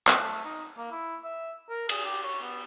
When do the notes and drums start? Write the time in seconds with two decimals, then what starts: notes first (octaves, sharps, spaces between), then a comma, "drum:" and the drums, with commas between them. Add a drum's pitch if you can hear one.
0.07 drum: clap
0.20 A3
0.45 D#4
0.78 A#3
0.92 E4
1.24 E5
1.70 A#4
1.89 G#4, drum: cymbal
2.05 G4
2.23 C#5
2.42 B3